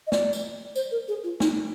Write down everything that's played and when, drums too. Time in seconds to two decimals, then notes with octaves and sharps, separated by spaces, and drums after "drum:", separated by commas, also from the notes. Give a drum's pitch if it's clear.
0.07 D#5
0.12 D5, drum: snare
0.33 drum: tambourine
0.76 C5, drum: tambourine
0.91 A#4
1.08 G#4
1.24 F4
1.40 D#4, drum: snare